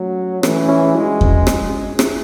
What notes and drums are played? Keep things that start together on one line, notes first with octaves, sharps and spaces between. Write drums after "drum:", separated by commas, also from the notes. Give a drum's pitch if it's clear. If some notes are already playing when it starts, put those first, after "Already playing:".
Already playing: F#3 A3 C#4
E3 A3 C#4, drum: rim click
C#4 E4
C#4 E4
E4 G#4
G#3 D4 F#4
C#4 E4
drum: kick E2
drum: rim click
E4 G#4, drum: rim click